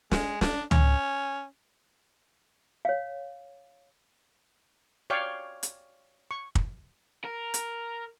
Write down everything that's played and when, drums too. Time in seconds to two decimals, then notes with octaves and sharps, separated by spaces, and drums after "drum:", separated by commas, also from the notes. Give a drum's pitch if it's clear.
0.11 G#3, drum: snare
0.41 D4, drum: snare
0.71 C#4, drum: tom C#2
2.85 C#5 F5
5.10 C#5 D5 F5 G5
5.63 drum: hi-hat
6.31 C#6
6.55 drum: kick
7.24 A#4
7.54 drum: hi-hat